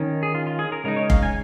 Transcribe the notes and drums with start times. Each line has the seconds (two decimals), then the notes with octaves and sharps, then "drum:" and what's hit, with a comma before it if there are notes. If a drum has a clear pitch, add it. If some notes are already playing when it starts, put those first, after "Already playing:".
Already playing: D#3 C#4
0.23 G#4
0.35 F4
0.47 F4
0.59 G#4
0.72 A#4
0.84 C#3 G#3 D#4 A#4
0.96 C#5
1.10 F5, drum: kick F1
1.23 G#5